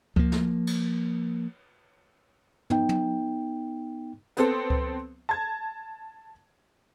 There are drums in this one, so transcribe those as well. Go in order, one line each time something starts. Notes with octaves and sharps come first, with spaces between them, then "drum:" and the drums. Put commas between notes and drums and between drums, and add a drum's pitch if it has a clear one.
F3 A#3, drum: kick C#2
drum: snare
drum: cymbal
B3 D#4 G5, drum: tom
drum: tom
B3 C4 A4, drum: hi-hat
drum: kick C#2
A5 G#6